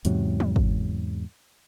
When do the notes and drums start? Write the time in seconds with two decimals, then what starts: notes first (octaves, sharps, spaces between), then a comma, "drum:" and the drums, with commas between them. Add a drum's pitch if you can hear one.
0.05 E2 G#2 C3 F#3, drum: hi-hat
0.40 drum: tom
0.56 drum: kick